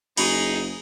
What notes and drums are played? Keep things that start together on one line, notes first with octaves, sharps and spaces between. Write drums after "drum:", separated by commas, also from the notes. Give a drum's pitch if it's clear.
F#1 D#4 F#4 G#4 G#5 B5, drum: cymbal